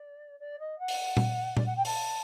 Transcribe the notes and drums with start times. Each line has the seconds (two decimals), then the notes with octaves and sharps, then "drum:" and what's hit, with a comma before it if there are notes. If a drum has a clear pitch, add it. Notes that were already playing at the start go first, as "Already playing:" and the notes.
Already playing: D5
0.39 D5
0.59 D#5
0.79 F#5
0.88 drum: open hi-hat
1.17 drum: tom A#2
1.57 D5, drum: tom A#2
1.66 F#5
1.76 G5
1.85 A5, drum: open hi-hat